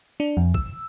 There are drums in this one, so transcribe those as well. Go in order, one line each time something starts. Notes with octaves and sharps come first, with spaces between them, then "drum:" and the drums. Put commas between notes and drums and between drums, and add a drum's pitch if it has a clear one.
D4
F2
E6, drum: kick